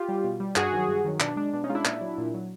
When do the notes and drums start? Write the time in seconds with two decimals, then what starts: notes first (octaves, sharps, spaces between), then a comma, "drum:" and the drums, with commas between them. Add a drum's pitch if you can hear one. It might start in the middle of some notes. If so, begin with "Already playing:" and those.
Already playing: F4 G4
0.09 G3
0.24 B2
0.40 G3
0.56 G2 F#4 G#4, drum: clap
0.72 D#3 F#3
0.88 G2
1.05 D#3 F#3
1.20 B2 D4, drum: clap
1.36 G#3 D4
1.54 B2 D4
1.64 C#4 D#4
1.69 G#3 F4
1.75 D4 E4
1.85 A#2, drum: clap
2.01 F#3
2.18 A#2
2.34 F#3